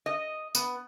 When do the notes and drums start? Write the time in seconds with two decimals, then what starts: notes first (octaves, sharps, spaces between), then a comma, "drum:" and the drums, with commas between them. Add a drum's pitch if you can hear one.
0.06 D#5
0.55 B3, drum: tambourine